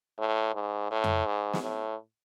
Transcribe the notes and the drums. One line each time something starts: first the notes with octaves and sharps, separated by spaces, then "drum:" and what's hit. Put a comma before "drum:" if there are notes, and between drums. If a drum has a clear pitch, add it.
A2
G#2
A2
drum: tom F2
G#2
drum: snare
A2